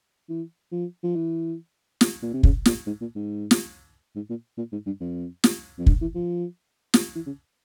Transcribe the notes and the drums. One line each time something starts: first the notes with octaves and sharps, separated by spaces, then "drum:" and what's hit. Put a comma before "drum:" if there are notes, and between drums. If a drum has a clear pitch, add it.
E3
F3
F3
E3
drum: snare
A#2
C3
C#3, drum: kick
A#2, drum: snare
G#2
A#2
G#2
drum: snare
G#2
A#2
A#2
G#2
G2
F2
drum: snare
F2
G2, drum: kick
E3
F3
drum: snare
E3
C#3